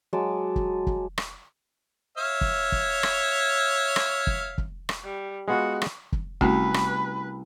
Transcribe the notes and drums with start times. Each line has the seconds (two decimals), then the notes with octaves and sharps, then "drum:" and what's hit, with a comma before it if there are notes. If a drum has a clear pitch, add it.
0.13 F#3 G#3 A5 D6
0.56 drum: kick
0.87 drum: kick
1.18 drum: rim click
2.18 C#5 E5 F5
2.41 drum: kick
2.72 drum: kick
3.03 drum: rim click
3.96 drum: rim click
4.27 drum: kick
4.58 drum: kick
4.89 drum: rim click
5.04 G3
5.48 G#3 B3 F4 F#4
5.82 drum: rim click
6.12 drum: kick
6.41 C2 A3 C#4 F#4 B4, drum: kick
6.74 drum: rim click